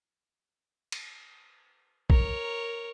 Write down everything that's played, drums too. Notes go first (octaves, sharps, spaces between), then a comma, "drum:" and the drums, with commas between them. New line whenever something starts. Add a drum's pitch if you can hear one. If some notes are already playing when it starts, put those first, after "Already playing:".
drum: cymbal
A#4 C#5, drum: kick